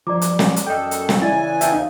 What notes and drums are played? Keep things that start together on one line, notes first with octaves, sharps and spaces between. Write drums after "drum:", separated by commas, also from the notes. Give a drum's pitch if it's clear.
G2 F3 D5 A#5 D6
drum: hi-hat
drum: snare
drum: hi-hat
F#2 A4 D#5 G5
drum: hi-hat
drum: snare
C#3 E3 E4 D5 G#5 A6
E5 G5 A5, drum: hi-hat
D#2 D#4 F5